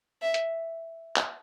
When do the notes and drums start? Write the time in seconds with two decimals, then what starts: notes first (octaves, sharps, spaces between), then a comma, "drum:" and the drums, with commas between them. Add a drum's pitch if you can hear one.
0.22 E5
0.34 drum: hi-hat
1.16 drum: clap